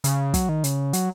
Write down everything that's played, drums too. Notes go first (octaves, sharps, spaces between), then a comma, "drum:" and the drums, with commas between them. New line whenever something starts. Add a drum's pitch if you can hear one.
C#3, drum: hi-hat
F#3, drum: kick, hi-hat
D#3
C#3, drum: hi-hat
F#3, drum: hi-hat